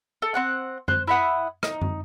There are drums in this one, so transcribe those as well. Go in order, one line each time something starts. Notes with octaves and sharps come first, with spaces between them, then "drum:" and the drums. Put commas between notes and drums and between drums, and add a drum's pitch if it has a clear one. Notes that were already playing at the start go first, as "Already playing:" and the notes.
A4
C4 F#5 F#6
C5 F#6, drum: tom F#2
E4 E5 F#5 D#6
D#4, drum: rim click
drum: tom F#2